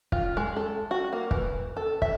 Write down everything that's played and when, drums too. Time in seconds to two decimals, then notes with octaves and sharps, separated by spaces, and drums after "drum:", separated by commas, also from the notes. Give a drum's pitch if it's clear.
0.12 F4, drum: kick
0.37 G#3
0.56 A4
0.91 F#4
1.13 A#3
1.31 E3, drum: kick
1.77 A4
2.02 E5, drum: kick